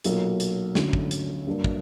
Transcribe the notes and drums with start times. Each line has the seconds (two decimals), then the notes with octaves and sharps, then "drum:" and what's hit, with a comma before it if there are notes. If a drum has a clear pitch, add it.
0.04 B1 A#2 F#3 A#3, drum: hi-hat
0.40 drum: hi-hat
0.75 D2 D3 F#3 C#4 F#4, drum: snare
0.93 drum: kick
1.11 drum: hi-hat
1.47 G2 F#3 A#3 D4
1.64 drum: kick